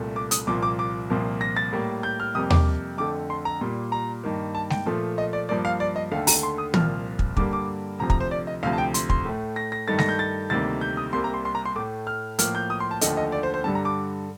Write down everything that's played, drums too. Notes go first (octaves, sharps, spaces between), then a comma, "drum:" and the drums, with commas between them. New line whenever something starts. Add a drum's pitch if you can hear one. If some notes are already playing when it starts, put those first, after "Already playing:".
Already playing: C2 A#2 A3
D6
D#6, drum: hi-hat
C2 A#2 F3 A#3 D6
D6
D6
C2 A#2 F3 A#3
A#6
A6
A2 G3 A#3
G6
F6
F2 C3 G3 A#3 D#6
D6, drum: tom D#2
F2 D3 A3 D6
C6
A#5
A#2 G3 A#3
A#5
G2 D#3 A#3
A5
G5, drum: snare G#3
A#2 F3 A3
D#5
D5
G2 F3 A#3 D5
F5
D5
D#5
D#2 D3 A3 F5
A#5, drum: open hi-hat
C6
D#6
C2 A#2 F3 F6, drum: tom
drum: kick
G2 D3 G3 A#3 D6, drum: kick
D6
D2 C3 F3 A#5
A#5, drum: kick
C5
D5
D#5
D2 C3 F3 F5
A5
G5
C6, drum: hi-hat
C6, drum: kick
A2 A3
A#6
A#6
G2 D#3 A3 A6
A#6, drum: snare G#3
G6
A6
D2 C3 D#3 G3 A#3 A6
G6
D#6
C2 C3 G3 A#3 C6
A#5
C6
C6
A#5
C6
A2 A3 D6
F6
A2 F3 A#3 F6, drum: hi-hat
G6
D#6
C6
A5
D#2 D3 F3 A3 D#5, drum: hi-hat
D#5
D5
C5
C5
G2 D3 G3 A5
A#5
D6